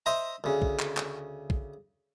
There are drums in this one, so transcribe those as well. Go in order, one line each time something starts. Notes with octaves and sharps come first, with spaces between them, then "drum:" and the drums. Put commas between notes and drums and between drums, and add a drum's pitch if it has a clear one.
C5 D#5 E5 A#5
D2 C#3
drum: kick
drum: clap
drum: clap
drum: kick